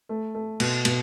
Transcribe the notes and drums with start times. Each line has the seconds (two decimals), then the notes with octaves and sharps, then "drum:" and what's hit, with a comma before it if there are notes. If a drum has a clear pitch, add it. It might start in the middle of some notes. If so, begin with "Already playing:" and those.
0.09 A3
0.35 A3
0.60 B2, drum: cymbal
0.85 B2, drum: cymbal